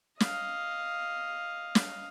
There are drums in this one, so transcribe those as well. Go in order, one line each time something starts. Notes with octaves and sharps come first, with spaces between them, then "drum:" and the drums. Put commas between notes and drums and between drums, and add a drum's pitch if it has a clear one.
D#5 F5, drum: snare
drum: snare